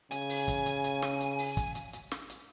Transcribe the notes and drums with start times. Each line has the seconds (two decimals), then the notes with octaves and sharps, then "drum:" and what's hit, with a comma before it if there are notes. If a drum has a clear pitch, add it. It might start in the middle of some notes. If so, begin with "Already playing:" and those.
0.11 C#3 G#5, drum: hi-hat
0.30 drum: open hi-hat
0.48 drum: kick, hi-hat
0.66 drum: hi-hat
0.84 drum: hi-hat
1.02 drum: snare
1.21 drum: hi-hat
1.39 drum: open hi-hat
1.57 drum: kick, hi-hat
1.75 drum: hi-hat
1.93 drum: hi-hat
2.11 drum: snare
2.30 drum: hi-hat